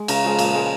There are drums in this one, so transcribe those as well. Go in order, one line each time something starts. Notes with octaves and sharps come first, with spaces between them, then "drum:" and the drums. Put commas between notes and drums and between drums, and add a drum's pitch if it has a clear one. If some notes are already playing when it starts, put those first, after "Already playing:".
Already playing: G#3
C#3 A#5, drum: cymbal
F3 G#3
A#2, drum: cymbal
G#3